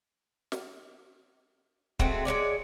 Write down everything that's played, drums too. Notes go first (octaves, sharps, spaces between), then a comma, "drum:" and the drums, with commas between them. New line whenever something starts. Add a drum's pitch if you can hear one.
drum: snare
G#3 A3 C4 F#4, drum: kick
G#3 A3 C#5 D5